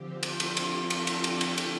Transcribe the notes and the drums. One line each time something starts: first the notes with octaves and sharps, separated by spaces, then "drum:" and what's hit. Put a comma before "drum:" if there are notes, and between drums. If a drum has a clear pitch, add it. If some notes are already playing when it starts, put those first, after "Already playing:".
Already playing: D3 F3 C4 G4
F4 A4, drum: cymbal
drum: cymbal
drum: cymbal
drum: cymbal
drum: cymbal
drum: cymbal
drum: cymbal
drum: cymbal